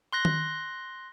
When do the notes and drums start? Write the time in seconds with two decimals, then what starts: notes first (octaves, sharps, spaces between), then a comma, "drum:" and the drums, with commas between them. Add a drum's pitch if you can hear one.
0.13 C6 F#6 A#6
0.25 drum: tom D#3